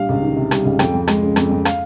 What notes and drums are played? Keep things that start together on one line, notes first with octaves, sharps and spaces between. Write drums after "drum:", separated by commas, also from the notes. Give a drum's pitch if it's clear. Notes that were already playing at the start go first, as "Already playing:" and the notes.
Already playing: A#1 G3 F5
C#2
D#3
C3
G3, drum: rim click
C#2
F2 G5, drum: rim click
F2
G#3, drum: rim click
C#3
F2, drum: rim click
F2
F5, drum: rim click